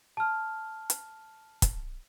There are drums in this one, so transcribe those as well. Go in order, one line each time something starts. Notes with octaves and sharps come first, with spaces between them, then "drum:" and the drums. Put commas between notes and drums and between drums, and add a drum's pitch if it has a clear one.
A5 F6
drum: hi-hat
drum: kick, hi-hat